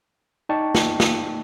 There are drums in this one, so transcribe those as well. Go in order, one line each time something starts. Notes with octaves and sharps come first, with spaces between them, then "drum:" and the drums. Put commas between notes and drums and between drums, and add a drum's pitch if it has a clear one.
D#4 D5 G5 A5 C#6
drum: snare
drum: snare